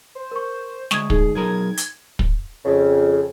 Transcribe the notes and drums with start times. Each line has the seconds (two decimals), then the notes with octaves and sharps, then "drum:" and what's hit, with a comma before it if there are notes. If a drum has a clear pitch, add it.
0.15 C5
0.31 A#4 C#6
0.91 D2 G#3 G#5 C#6 D#6 G#6, drum: snare
1.10 D#4 G#4, drum: kick
1.35 B1 G#4 A#4 G#6
1.77 drum: hi-hat
2.19 drum: kick
2.65 F2 C#3